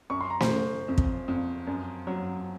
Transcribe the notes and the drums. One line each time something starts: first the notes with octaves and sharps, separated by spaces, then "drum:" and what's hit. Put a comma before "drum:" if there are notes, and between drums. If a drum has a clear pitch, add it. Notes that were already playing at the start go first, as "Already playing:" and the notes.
F#2 C#6
C6
A#5
C5 C6, drum: snare
C#3
F2
drum: kick
F2
F#2
F#3